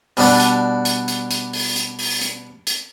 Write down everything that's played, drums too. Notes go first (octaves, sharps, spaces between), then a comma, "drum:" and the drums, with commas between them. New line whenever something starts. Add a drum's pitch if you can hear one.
B2 G3 B3 D4, drum: open hi-hat
drum: hi-hat
drum: hi-hat
drum: hi-hat
drum: hi-hat
drum: open hi-hat
drum: hi-hat
drum: open hi-hat
drum: hi-hat
drum: hi-hat